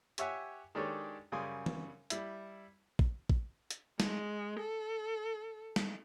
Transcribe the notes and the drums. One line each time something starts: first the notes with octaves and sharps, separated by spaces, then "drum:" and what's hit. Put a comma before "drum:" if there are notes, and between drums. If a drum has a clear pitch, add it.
G4 C#5 E5 F#5 G#5, drum: hi-hat
D#3 G#3 D4 G4 A4 C#5
F#2 C#3 G3 G#5 C6 D#6
drum: tom
G3 E4, drum: hi-hat
drum: kick
drum: kick
drum: hi-hat
G#3, drum: snare
A4
drum: snare